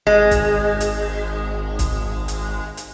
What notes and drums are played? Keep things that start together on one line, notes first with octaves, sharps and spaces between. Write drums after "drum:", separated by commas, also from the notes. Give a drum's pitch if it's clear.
G#1 G#3
drum: kick, hi-hat
drum: hi-hat
drum: kick, hi-hat
drum: hi-hat
drum: hi-hat